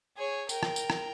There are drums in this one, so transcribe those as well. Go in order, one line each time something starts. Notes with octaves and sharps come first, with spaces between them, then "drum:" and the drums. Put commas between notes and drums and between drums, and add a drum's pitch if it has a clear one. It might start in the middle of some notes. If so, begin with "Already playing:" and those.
G#4 C#5
A#4 G5, drum: tambourine
drum: rim click
drum: tambourine
drum: rim click